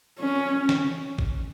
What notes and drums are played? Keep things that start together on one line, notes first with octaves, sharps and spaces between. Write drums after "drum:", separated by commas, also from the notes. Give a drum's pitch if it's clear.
C#4
drum: snare
drum: kick G#1